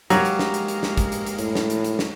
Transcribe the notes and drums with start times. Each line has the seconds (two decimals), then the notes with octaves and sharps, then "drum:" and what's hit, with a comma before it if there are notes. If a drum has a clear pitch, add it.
0.10 F#3 G#3 A#3 G4 F5 A#5, drum: hi-hat
0.25 drum: hi-hat
0.39 drum: snare
0.54 drum: hi-hat
0.68 drum: hi-hat
0.83 drum: snare
0.97 drum: kick, hi-hat
1.12 drum: hi-hat
1.26 drum: hi-hat
1.39 A2, drum: hi-hat
1.55 drum: snare
1.70 drum: hi-hat
1.84 drum: hi-hat
1.99 drum: snare